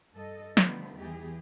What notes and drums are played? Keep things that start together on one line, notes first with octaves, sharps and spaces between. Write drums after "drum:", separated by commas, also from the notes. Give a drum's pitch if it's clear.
G2 A4 D#5
D3 D#3 F3 G3 A3 B3, drum: snare
E2 E3 G4 G#4